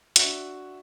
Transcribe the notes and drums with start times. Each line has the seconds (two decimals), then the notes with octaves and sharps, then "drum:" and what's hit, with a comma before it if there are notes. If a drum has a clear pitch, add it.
0.16 D4 F#4 E5, drum: hi-hat